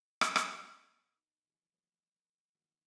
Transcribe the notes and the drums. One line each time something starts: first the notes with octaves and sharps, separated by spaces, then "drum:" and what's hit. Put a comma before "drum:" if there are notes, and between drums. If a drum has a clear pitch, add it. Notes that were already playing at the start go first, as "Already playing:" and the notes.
drum: rim click
drum: rim click
A#2
B3 D#4 F#4
D3 E3 F3 G3 G#4
F3 G3 A3 A#3 B4 C#5
A#4
D#3 F#3 G#3 A#3 F4 F#4